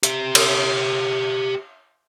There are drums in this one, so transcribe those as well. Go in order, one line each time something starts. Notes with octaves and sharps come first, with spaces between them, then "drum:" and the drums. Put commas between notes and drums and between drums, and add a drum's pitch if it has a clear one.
G4 E5, drum: hi-hat
drum: cymbal